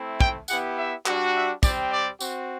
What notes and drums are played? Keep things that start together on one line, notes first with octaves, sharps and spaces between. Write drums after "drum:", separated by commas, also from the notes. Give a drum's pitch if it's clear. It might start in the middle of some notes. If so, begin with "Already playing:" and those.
Already playing: A3 C4 E4
G5, drum: kick
B3 E4 G4 F#5, drum: tambourine
E5
G3 D4 F#4, drum: clap
E5
G3 C4 G4 D5, drum: kick, tambourine
D5
C4 F#4, drum: tambourine